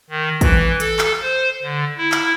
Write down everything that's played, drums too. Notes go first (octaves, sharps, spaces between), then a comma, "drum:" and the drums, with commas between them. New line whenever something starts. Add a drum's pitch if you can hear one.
D#3
E3, drum: kick, hi-hat
A4, drum: hi-hat
drum: clap
C5
D3
E4
drum: clap